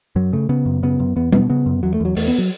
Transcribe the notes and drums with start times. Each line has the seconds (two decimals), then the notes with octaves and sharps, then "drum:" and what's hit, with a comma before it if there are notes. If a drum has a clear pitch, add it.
0.16 F#2 F#3
0.33 C#3 A3
0.49 C#3 B3
0.66 F#2
0.83 C#3 B3
1.00 F#2
1.16 E2 B3
1.32 B2 B3, drum: tom G3
1.50 C#3 B3
1.66 F#2
1.83 E2 F#3
1.94 A3
2.00 E2 F#3
2.16 E2 A3, drum: open hi-hat
2.28 B3
2.39 F#3